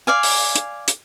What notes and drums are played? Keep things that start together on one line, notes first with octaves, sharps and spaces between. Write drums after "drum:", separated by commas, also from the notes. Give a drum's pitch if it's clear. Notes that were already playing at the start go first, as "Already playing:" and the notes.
D5 F5 G#5
drum: open hi-hat
drum: hi-hat
drum: hi-hat